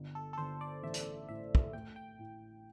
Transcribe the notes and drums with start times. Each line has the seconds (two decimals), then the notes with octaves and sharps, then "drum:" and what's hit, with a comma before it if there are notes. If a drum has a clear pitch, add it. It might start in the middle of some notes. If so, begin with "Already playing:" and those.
Already playing: G1
0.15 A4
0.33 A4
0.38 G1 C5
0.61 D5
0.83 A1 E5
0.94 drum: hi-hat
1.28 A2 E5
1.55 drum: kick
1.73 A3 G5
1.96 G5
2.19 A2